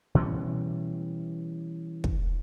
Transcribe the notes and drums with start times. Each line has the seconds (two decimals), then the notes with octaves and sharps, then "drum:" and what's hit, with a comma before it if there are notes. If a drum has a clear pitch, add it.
0.15 B2 E3 G3 C#4
2.04 drum: kick